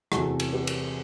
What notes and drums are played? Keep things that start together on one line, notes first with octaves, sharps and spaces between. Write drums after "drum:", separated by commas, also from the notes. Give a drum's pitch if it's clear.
E2 C3 E3 A3 F#4 A4, drum: rim click
drum: cymbal
G4 B4
drum: cymbal